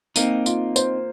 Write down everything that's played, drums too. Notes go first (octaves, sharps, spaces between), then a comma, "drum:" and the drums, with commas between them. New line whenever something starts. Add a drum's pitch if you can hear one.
A#3 C4 D#4, drum: tambourine
F4, drum: tambourine
C5, drum: tambourine